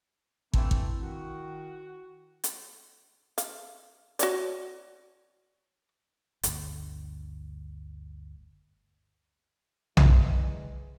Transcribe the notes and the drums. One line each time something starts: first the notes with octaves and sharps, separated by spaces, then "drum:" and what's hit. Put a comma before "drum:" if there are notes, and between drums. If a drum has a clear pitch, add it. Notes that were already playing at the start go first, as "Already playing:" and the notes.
E3 A3 C4 D4 E4, drum: kick
drum: kick
D#3 F#4
drum: hi-hat
F5, drum: hi-hat
F#4 C#5 D5, drum: hi-hat
G1 D2, drum: hi-hat
D#1 E3 G#3 E5 G#5 C6, drum: tom B1